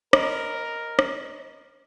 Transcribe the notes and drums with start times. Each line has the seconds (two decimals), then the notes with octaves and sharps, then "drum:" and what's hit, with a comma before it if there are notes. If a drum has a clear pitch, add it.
0.13 A#4 D#5 B5, drum: rim click
0.99 drum: rim click